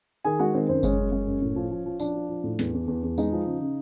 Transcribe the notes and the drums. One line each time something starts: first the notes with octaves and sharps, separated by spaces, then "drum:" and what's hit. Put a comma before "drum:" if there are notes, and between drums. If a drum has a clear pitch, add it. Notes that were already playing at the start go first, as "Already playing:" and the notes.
D#3 G#4 G#5
G#3 F#4 F#5
D#3 C4 C5
F#2 C4 C5
G#3 C#4 C#5, drum: kick F#1, tambourine
F#2
G#3
F#2
A2
F3
F3
F3
F3 D4 D5, drum: tambourine
F3
F3
A2
E2, drum: snare
E2
E2
E2
G#3 D#4 D#5, drum: tambourine
F3
C#3
C#3